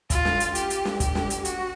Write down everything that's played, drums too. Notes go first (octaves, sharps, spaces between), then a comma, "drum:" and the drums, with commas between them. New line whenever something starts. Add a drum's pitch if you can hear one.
F4, drum: kick, hi-hat
drum: snare
drum: hi-hat
G4, drum: hi-hat
drum: hi-hat
drum: snare
G4, drum: kick, hi-hat
drum: snare
drum: hi-hat
F#4, drum: hi-hat